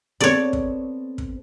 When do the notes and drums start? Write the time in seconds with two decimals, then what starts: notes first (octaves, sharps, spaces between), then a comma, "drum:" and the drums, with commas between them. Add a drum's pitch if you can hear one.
0.20 B3 C4 A4 C#5 D5
0.53 drum: kick
1.18 drum: kick